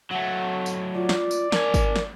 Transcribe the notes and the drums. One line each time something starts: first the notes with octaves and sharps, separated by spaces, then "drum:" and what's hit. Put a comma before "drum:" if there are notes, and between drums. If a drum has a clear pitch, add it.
F#3 A3 F#5
drum: tambourine
F4 D5
drum: snare
drum: tambourine
D4 A#4 G#5, drum: snare
drum: kick G#1, tambourine
drum: snare